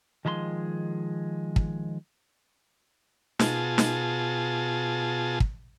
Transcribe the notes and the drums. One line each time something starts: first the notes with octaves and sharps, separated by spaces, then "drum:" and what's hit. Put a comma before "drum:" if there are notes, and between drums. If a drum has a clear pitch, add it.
D#3 F3 G#3 A#5 C6
drum: kick
B2 F4 G#4 A5, drum: snare
drum: snare
drum: kick